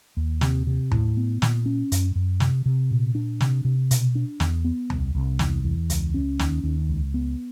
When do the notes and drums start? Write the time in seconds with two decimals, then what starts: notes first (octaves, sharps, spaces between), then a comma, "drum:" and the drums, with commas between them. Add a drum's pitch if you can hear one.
0.17 D#2
0.41 C3, drum: snare
0.67 C3
0.91 A2, drum: tom D#2
1.17 B3
1.42 A#2, drum: snare
1.66 C#4
1.92 F#2, drum: hi-hat
2.15 F#2
2.40 C3, drum: snare
2.66 C3
2.91 A#2
3.15 D4
3.41 C3, drum: snare
3.65 C3
3.91 B2, drum: hi-hat
4.15 D4
4.40 E2, drum: snare
4.65 B3
4.90 C2, drum: tom D#2
5.15 C2
5.39 E2, drum: snare
5.64 E2
5.90 C#2, drum: hi-hat
6.14 C#4
6.39 D#2, drum: snare
6.63 D#2
6.89 C#2
7.14 B3